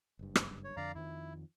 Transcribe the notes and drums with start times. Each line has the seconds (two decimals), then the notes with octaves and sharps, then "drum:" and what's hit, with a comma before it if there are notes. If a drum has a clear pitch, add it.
0.19 F#1 G2
0.35 drum: rim click
0.64 C#5
0.77 F2 D3 D5 F5 A#5
0.95 F2 D#3 F3 E4